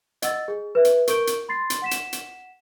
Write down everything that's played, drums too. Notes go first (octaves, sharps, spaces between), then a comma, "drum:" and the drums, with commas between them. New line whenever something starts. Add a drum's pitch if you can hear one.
D#5 F#5 E6 A6, drum: hi-hat
G#4
B4 E5
drum: hi-hat
A#4 C#6 G6 D7 G7, drum: hi-hat
drum: hi-hat
B5 C6 A6 C7
drum: hi-hat
F#5 B6 E7
drum: hi-hat
drum: hi-hat